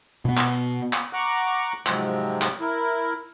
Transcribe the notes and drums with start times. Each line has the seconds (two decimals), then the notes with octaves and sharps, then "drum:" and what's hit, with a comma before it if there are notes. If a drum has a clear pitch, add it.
0.25 B2 B3
0.37 drum: clap
0.93 drum: clap
1.13 F#5 A#5 C#6 D6 F#6
1.87 G#2 C3 F3 F#3 G#3 C4, drum: clap
2.42 drum: clap
2.60 E4 A#4